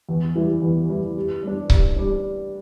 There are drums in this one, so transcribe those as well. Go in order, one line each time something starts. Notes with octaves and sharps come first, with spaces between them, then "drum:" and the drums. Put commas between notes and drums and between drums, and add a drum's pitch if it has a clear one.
E2
E3 G3 E4
E2
E3 G3 E4
G2
G3 D4
G2, drum: kick C#1
G3 D4